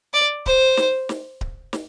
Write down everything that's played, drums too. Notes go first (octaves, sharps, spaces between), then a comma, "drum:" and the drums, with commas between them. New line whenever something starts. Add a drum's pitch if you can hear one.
D5
C5, drum: kick D1
drum: snare
drum: snare
drum: kick D1
drum: snare